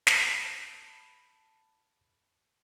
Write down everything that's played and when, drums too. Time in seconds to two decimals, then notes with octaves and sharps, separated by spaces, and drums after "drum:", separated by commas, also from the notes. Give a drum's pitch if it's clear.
0.07 A5 B5, drum: snare